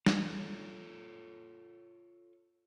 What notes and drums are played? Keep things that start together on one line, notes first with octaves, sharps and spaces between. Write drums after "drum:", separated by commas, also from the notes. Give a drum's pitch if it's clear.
F4 A4 C#5, drum: snare